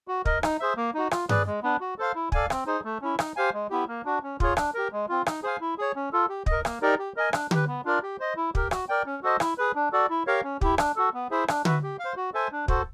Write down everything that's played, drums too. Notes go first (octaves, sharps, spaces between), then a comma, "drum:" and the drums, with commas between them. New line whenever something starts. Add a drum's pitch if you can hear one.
F#4
A#4 D#5, drum: kick
D#4, drum: rim click
G#4 C5 E5
A#3
D#4 F#4
F4, drum: rim click
G#4 B4 D5, drum: tom G2
G#3
B3 D4
F#4
A4 C5 F5
E4
A4 D5 F5 G#5, drum: kick
C4, drum: rim click
D#4 G#4 C5
A3
C#4 E4
D#4, drum: rim click
G4 C5 F5 G#5
G#3
B3 E4 G4
A#3
D4 F#4
C#4
F4 G#4 C#5, drum: kick
D4, drum: rim click
G4 A#4
G#3
C4 F4
D#4, drum: rim click
G#4 C5 F5 G#5
E4
G#4 C#5
C#4
F4 A4
G4
D#5, drum: kick
A#4
A#3, drum: rim click
D#4 G4 A#4 D5
G4
A#4 D#5 G#5
D4, drum: rim click
G4 B4, drum: tom D3
B3
D4 F4 A#4 D5
G4
C5 D#5
E4
G4 A#4, drum: kick
F#4, drum: rim click
A#4 D5 G5
C#4
F#4 A4 C5 D#5
E4, drum: rim click
G#4 B4
D4
F#4 A4 D5
E4
G4 A#4 C#5 F5
C#4
E4 G4, drum: kick
D4, drum: rim click
F#4 A4
B3
E4 G#4 C5 E5
D4, drum: rim click
F#4 B4 E5, drum: tom D3
G4
F5
C5
F#4
A4 C5 E5 G#5
D4
F#4 A4 C5, drum: kick